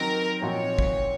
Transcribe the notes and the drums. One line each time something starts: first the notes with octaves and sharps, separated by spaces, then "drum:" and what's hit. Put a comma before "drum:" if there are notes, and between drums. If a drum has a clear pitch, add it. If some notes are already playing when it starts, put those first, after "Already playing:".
Already playing: D#3 F#3 C4 A#4
A#2 F3 C4 D#4 F#4 C#5
drum: kick